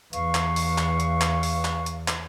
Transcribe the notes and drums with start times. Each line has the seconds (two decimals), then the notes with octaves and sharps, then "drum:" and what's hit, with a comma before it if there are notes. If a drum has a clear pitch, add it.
0.13 E2 B4 F5 C#6, drum: hi-hat
0.35 drum: clap
0.56 drum: open hi-hat
0.78 drum: clap
1.00 drum: hi-hat
1.21 drum: clap
1.43 drum: open hi-hat
1.65 drum: clap
1.86 drum: hi-hat
2.08 drum: clap